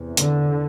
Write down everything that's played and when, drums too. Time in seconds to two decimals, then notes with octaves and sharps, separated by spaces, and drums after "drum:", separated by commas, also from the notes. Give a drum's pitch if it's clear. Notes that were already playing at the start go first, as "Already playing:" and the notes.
Already playing: E2 C3
0.17 D3, drum: hi-hat